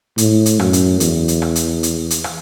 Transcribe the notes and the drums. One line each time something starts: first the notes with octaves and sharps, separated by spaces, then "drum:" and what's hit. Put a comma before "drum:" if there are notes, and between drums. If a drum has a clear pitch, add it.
A2, drum: hi-hat
drum: hi-hat
F#2, drum: rim click
drum: hi-hat
E2, drum: hi-hat
drum: hi-hat
drum: rim click
drum: hi-hat
drum: hi-hat
drum: hi-hat
drum: rim click